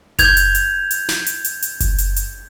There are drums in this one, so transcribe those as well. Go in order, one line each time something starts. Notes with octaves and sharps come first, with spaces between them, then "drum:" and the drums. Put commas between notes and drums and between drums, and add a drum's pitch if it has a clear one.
G6 G#6 F7, drum: kick F#1, hi-hat
drum: hi-hat
drum: hi-hat
drum: hi-hat
drum: snare
drum: hi-hat
drum: hi-hat
drum: hi-hat
drum: kick F#1, hi-hat
drum: hi-hat
drum: hi-hat